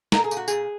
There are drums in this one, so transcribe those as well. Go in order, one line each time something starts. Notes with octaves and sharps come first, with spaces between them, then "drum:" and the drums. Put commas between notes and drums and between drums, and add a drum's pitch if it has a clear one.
A#2 A#4, drum: snare
G#4
A#2, drum: tambourine
F#4
A#2 G#4, drum: tambourine